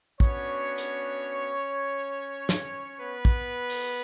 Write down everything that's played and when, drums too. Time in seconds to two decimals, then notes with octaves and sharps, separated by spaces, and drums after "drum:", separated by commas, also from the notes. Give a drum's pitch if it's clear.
0.20 B3 C#4 D4 F#4 C#5, drum: kick
0.78 drum: hi-hat
2.49 drum: snare
3.01 B3 B4
3.25 drum: kick
3.70 drum: open hi-hat